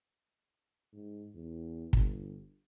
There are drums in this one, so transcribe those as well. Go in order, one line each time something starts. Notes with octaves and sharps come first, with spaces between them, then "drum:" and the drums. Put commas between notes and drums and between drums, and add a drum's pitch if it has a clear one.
G#2
E2
G1, drum: kick